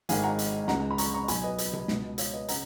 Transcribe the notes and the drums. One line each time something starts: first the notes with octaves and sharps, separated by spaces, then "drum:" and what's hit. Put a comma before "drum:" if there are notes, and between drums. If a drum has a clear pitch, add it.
G#1 G#2 D#3 F5 G#5, drum: hi-hat
F#5 A#5
drum: hi-hat
C#2 C#3 F#5 A#5, drum: snare
B5
A#5 C#6, drum: hi-hat
A#5 C#6
B1 B2 G#5 B5, drum: hi-hat
B4 D#5
drum: hi-hat
drum: tom C3
C#2 B2, drum: snare
C#5 F5, drum: hi-hat
B4 D#5
C#3 F#5 A#5, drum: hi-hat